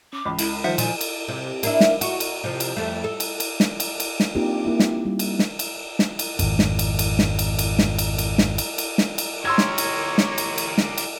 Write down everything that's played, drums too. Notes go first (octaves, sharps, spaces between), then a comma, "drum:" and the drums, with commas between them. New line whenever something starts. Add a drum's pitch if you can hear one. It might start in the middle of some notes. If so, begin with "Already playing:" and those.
C#4 D6
C#2 G#2 E3 B5
G#3 E4, drum: cymbal
D#3 F3 G3 D#4 C5 E5 F#5
A#2 G#5, drum: cymbal
drum: cymbal
C3
A#3 D4 E4, drum: cymbal
drum: snare
F#4, drum: cymbal
drum: cymbal
C3 F3
drum: cymbal
F2 A3
A4
drum: cymbal
drum: cymbal
drum: snare
drum: cymbal
drum: cymbal
drum: snare
A#3 C4 D4 D#4 F4 G4
A#3 E4
drum: snare
G3
drum: cymbal
drum: snare
drum: cymbal
drum: snare
drum: cymbal
G#1 F2, drum: cymbal
drum: snare
drum: cymbal
drum: cymbal
drum: snare
drum: cymbal
drum: cymbal
drum: snare
drum: cymbal
drum: cymbal
drum: snare
drum: cymbal
drum: cymbal
drum: snare
drum: cymbal
G4 A#4 C#5 C6 E6 G#6
drum: snare
drum: cymbal
drum: snare
drum: cymbal
drum: cymbal
drum: snare
drum: cymbal